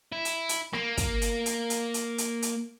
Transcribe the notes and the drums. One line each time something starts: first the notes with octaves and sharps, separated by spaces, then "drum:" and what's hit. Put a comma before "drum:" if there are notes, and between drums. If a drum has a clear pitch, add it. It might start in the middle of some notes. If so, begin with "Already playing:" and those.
E4
drum: hi-hat
drum: hi-hat
A#3, drum: rim click
drum: kick, hi-hat
drum: hi-hat
drum: hi-hat
drum: hi-hat
drum: hi-hat
drum: hi-hat
drum: hi-hat